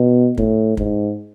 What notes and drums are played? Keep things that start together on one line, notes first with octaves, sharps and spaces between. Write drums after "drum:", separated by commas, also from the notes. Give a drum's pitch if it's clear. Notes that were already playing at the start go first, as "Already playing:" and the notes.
Already playing: B2
A2, drum: kick
G#2, drum: kick